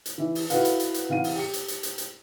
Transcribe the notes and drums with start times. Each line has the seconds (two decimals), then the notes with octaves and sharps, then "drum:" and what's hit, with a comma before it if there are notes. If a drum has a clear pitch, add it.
0.06 drum: hi-hat
0.18 E3 E5
0.35 drum: open hi-hat
0.50 E4 F#4 A4 B4 F5 F#5, drum: hi-hat
0.65 drum: hi-hat
0.80 drum: hi-hat
0.94 drum: hi-hat
1.09 C3 E3 F5 F#5 D#7
1.24 drum: open hi-hat
1.36 G4 C#7
1.53 drum: hi-hat
1.68 drum: hi-hat
1.83 drum: hi-hat
1.98 drum: hi-hat